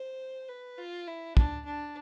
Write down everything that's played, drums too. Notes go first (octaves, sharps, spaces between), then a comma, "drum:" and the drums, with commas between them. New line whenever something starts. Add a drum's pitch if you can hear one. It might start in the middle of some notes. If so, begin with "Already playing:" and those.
Already playing: C5
B4
F4
E4
D4, drum: kick
D4